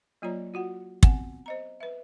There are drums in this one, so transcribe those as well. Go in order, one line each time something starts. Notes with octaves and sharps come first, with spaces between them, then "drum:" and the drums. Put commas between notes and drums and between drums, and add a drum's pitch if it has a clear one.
F#3 A#3 F4 C#5 D5 A#5
F4 F#4 F#5
B3 C4 F#5 G#5, drum: kick
C5 D#5 A#5
B4 E5